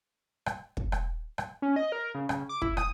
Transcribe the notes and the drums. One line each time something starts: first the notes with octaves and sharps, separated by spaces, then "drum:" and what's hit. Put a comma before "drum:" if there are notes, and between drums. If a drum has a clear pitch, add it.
drum: rim click
drum: kick
drum: rim click
drum: rim click
C#4
D#5
A#4
C#3
C#3, drum: rim click
D6
E4, drum: kick
D#6, drum: rim click